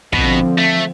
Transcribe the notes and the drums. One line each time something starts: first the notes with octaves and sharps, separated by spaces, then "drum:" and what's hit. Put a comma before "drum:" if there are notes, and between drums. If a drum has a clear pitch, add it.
B2 D3 F3 C4, drum: kick
A3